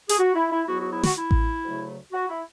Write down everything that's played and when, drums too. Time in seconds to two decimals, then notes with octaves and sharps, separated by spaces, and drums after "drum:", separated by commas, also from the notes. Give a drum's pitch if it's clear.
0.09 G#4, drum: hi-hat
0.18 F#4
0.35 E4
0.51 E4
0.67 G#2 F#3 B3 E4 F#4
0.79 F#4
0.91 E4
1.03 F#4, drum: snare
1.16 E4
1.31 drum: kick A1
1.63 D2 C#3 F#3 A3
2.13 F#4
2.29 E4